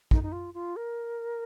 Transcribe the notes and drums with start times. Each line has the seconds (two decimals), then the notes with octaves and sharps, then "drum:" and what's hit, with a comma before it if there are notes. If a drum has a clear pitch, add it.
0.11 D#4, drum: kick
0.23 D#4
0.32 F4
0.54 F4
0.76 A#4